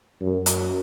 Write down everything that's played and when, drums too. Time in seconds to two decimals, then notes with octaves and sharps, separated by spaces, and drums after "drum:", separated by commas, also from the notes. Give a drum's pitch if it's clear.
0.21 F#2
0.46 drum: hi-hat